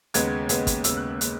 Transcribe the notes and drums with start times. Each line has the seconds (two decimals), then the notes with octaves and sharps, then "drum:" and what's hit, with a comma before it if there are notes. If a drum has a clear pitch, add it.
0.14 D#2 C#3 G#3 B3 G#6, drum: hi-hat
0.49 D#2 C#3 G#3 B3, drum: hi-hat
0.67 drum: kick, hi-hat
0.84 D#2 C#3 G#3 B3 E6, drum: hi-hat
0.97 F#6
1.10 E6
1.21 C#3 G#3 B3, drum: hi-hat